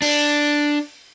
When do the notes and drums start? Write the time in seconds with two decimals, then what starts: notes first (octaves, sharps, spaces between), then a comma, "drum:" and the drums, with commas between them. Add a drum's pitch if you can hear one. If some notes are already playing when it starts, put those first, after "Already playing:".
0.02 D4, drum: open hi-hat